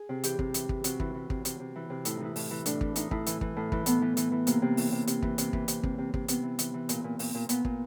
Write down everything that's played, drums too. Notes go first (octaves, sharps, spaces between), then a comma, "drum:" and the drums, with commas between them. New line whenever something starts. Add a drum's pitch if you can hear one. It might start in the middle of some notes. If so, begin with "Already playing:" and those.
Already playing: G#4
C3
E3 G4, drum: hi-hat
C3, drum: kick
E3, drum: hi-hat
E3, drum: kick
C3 F#4, drum: hi-hat
E3, drum: kick
E3
C3, drum: kick
C3, drum: hi-hat
C3
E3
C3
A2 E4, drum: hi-hat
D#4
E3 E4
A2, drum: open hi-hat
E3
A2 D4, drum: hi-hat
E3, drum: kick
A2 D#4, drum: hi-hat
A2 E4, drum: kick
E3, drum: hi-hat
E3, drum: kick
A2
E3, drum: kick
A2 B3, drum: hi-hat
E3
E3, drum: hi-hat
E3
C3 A#3, drum: hi-hat
C3
E3, drum: open hi-hat
C3
C3, drum: hi-hat
E3, drum: kick
C3, drum: hi-hat
E3, drum: kick
C3, drum: hi-hat
C3, drum: kick
C3
C3, drum: kick
C3 B3, drum: hi-hat
E3
E3, drum: hi-hat
E3
A#2, drum: hi-hat
A#2
A#2, drum: open hi-hat
A#2
A#2 B3, drum: hi-hat
A#2, drum: kick